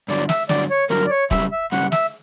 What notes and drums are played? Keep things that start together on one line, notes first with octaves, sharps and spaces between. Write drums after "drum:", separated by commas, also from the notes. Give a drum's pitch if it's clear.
G2 D3 F#3 D5, drum: hi-hat
E5, drum: snare
G2 D3 F#3 D5, drum: snare
C#5
G2 D3 F#3 A#4, drum: hi-hat
D5
C#5
F#2 C#3 G3 E5, drum: kick E1, hi-hat
E5
F#2 C#3 G3 F#5, drum: hi-hat
E5, drum: snare